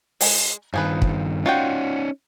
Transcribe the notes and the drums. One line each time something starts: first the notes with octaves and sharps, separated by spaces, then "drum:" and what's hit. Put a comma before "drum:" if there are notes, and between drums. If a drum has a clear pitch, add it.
G#3, drum: open hi-hat
G2 D#3 F3 G#4 B4
drum: kick
C#4 D#4 F4 F#4 G5